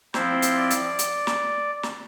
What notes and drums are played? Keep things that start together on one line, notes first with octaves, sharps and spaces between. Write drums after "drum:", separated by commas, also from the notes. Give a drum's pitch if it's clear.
F3 C4 E4 C5, drum: snare
drum: hi-hat
D5
drum: hi-hat
drum: hi-hat
drum: snare
drum: snare